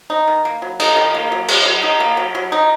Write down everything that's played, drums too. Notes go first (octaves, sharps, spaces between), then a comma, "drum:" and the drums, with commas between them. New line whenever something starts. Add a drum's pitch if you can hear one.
D#4
D#3
A#3
F#3
D#4, drum: cymbal
D#3
A#3
F#3
F#3, drum: cymbal
F#3
D#4
A#3
F#3
F#3
D#4